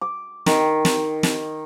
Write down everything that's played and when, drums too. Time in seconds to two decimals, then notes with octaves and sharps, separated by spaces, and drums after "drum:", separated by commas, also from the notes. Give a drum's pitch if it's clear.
0.01 D6
0.46 D#3, drum: snare
0.85 drum: snare
1.23 drum: snare